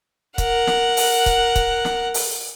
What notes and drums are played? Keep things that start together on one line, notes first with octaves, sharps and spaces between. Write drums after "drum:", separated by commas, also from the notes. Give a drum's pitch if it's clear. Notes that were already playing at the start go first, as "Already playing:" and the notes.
A#4 F#5, drum: kick C#1, hi-hat
drum: snare
drum: open hi-hat
drum: kick C#1, hi-hat
drum: kick C#1, hi-hat
drum: snare
drum: open hi-hat